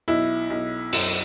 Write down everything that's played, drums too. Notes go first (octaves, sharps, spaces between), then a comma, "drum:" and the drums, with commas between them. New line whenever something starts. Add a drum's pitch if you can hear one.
B1 E4
B1
F#2, drum: open hi-hat